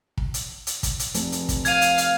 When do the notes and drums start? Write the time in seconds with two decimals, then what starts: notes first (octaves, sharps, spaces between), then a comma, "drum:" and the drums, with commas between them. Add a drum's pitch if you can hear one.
0.18 drum: kick
0.34 drum: hi-hat
0.67 drum: hi-hat
0.83 drum: kick, hi-hat
0.99 drum: hi-hat
1.14 F1, drum: hi-hat
1.32 drum: hi-hat
1.49 drum: kick, hi-hat
1.65 F5 G#6 D#7, drum: hi-hat
1.81 drum: hi-hat
1.98 drum: hi-hat